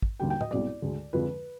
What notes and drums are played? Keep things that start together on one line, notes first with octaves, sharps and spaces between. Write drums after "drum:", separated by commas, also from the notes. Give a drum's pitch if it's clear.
drum: kick
D#2 D3 G3 G5
G5
D#5, drum: tom A2
C2 B2 G#3 D5
D2 D3 G#3
F2 D3 F3 G#3 B4